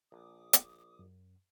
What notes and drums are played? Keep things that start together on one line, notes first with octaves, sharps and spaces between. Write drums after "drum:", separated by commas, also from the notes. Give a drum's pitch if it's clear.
A#1 D6 D#6
drum: hi-hat
F#2